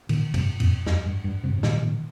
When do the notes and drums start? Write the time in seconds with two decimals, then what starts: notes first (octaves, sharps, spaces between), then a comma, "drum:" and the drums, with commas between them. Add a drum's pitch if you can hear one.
0.09 A#2 D#3, drum: cymbal
0.34 G2 C3, drum: kick, cymbal
0.60 F2 A#2, drum: cymbal
0.86 F2, drum: snare
1.06 G2
1.24 G2
1.44 G2 C3
1.58 C3
1.63 A#2 D#3, drum: snare
1.77 F3
1.82 A#2 D#3